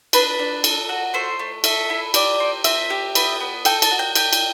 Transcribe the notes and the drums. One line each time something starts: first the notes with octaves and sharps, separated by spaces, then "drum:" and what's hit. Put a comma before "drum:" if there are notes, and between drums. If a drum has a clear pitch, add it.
D4 B4, drum: cymbal
D4
A4, drum: cymbal
F#4
A3 C5
A3
A4 E5, drum: cymbal
E4
G4 D5, drum: cymbal
C4
C4 E5, drum: cymbal
G4
B3, drum: cymbal
B3
A4 G5, drum: cymbal
A5, drum: cymbal
F#4
G5
G4 G5, drum: cymbal
drum: cymbal